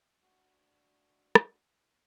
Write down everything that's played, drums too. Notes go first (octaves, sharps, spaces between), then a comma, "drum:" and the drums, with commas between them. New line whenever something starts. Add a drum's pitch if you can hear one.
D4 F#4
drum: rim click